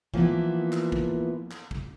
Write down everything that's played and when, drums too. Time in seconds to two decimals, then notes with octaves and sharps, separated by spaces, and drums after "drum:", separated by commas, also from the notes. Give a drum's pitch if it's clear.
0.14 E3 F3 A#3 B3 E4, drum: kick
0.73 drum: clap
0.92 drum: kick
1.51 drum: clap
1.71 drum: kick